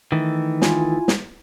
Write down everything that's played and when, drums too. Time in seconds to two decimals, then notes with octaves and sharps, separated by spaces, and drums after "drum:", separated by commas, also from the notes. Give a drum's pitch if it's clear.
0.12 D#3 E3 A3
0.62 E4 F4 G#5, drum: snare
1.08 drum: snare